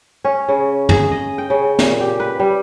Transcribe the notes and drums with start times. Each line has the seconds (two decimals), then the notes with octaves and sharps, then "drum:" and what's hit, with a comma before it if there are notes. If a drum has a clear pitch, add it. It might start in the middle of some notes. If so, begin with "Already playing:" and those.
0.24 C#4
0.49 C#3
0.89 G#4, drum: tom G2
1.11 D#5
1.38 G5
1.50 C#3
1.79 A#2, drum: snare
2.01 G4
2.20 B4
2.39 G3